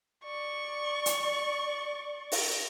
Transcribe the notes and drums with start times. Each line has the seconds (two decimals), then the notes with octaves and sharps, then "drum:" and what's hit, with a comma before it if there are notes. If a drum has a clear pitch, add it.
0.24 D5 C#6
1.06 drum: hi-hat
2.32 drum: open hi-hat